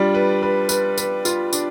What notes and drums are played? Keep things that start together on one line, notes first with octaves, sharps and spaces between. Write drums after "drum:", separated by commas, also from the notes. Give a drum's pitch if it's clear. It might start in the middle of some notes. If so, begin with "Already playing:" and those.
Already playing: G3 D4 F4
B4
B4
B4, drum: tambourine
B4, drum: tambourine
F4, drum: tambourine
D4, drum: tambourine